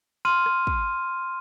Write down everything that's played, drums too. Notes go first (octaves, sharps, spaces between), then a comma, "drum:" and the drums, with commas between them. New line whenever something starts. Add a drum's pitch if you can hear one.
C6 F6 D#7
drum: rim click
drum: kick